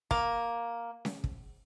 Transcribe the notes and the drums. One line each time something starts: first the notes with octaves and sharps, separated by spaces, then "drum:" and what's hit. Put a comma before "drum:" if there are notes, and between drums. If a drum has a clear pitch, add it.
A#3, drum: kick
drum: snare C#4
drum: kick